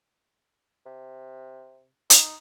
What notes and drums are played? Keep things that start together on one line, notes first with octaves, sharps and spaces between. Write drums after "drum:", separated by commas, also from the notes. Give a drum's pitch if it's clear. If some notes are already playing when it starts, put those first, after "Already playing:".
C3
D#4, drum: hi-hat